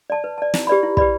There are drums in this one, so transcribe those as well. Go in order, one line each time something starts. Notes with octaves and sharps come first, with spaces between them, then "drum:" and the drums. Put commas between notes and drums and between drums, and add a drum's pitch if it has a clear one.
D5 A5
B4
D5 A5
E4, drum: snare
G4 B4 D5 B5
E4
G4 B4 D5 B5, drum: kick